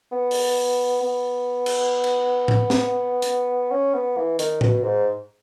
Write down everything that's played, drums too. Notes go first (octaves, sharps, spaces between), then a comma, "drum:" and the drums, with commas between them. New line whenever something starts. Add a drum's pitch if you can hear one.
B3
drum: open hi-hat
B3
drum: cymbal
drum: cymbal
drum: tom A2
drum: snare
drum: hi-hat
C#4
B3
E3
D#3, drum: hi-hat
B2, drum: tom A2
G#2